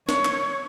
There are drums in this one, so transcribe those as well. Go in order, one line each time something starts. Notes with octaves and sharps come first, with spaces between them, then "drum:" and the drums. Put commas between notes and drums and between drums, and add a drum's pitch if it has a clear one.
C#5, drum: snare
drum: clap